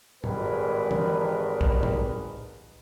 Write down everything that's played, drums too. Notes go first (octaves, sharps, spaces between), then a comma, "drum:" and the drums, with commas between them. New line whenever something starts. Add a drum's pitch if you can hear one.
G#1 G3 G#3 G#4 A#4 B4, drum: tom
drum: tom
drum: kick
drum: tom